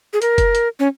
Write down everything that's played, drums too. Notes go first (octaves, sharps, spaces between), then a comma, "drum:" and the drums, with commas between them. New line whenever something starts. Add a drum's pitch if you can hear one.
G#4
A#4, drum: hi-hat
drum: kick F#1, hi-hat
drum: hi-hat
C#4